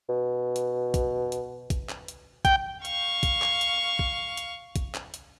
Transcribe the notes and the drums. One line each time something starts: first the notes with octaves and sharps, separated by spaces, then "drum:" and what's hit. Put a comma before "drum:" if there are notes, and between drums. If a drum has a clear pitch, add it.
B2
drum: hi-hat
drum: kick, hi-hat
drum: hi-hat
drum: kick, hi-hat
drum: clap
drum: hi-hat
G5, drum: kick, hi-hat
F5 C#6, drum: hi-hat
drum: kick, hi-hat
drum: clap
drum: hi-hat
drum: kick
drum: hi-hat
drum: kick, hi-hat
drum: clap
drum: hi-hat